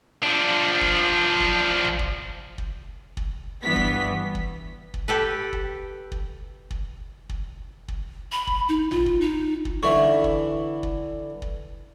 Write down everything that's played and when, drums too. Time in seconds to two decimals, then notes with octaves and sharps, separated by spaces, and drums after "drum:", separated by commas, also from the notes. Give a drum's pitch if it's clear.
0.23 F3 D4
0.81 drum: kick
1.40 drum: kick
1.84 drum: tom
1.99 drum: kick
2.58 drum: kick
3.17 drum: kick
3.63 G2 E3 B3 B6
3.76 drum: kick
4.35 drum: kick
4.94 drum: kick
5.08 G4 A4 B4
5.53 drum: kick
6.12 drum: kick
6.71 drum: kick
7.29 drum: kick
7.88 drum: kick
8.32 B5
8.47 drum: kick
8.69 D#4
8.91 F4, drum: tom
9.06 drum: kick
9.21 D#4
9.65 drum: kick
9.83 D3 E3 E5 C#6
10.24 drum: kick
10.83 drum: kick
11.42 drum: kick